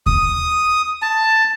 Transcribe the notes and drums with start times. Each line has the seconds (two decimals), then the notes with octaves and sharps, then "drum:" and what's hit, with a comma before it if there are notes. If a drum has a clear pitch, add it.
0.06 D#6, drum: kick D#2
1.02 A5